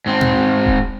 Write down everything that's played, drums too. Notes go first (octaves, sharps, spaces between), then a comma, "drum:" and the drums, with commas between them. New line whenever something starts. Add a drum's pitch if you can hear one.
G#2 C4
drum: tom A#2
drum: kick D#1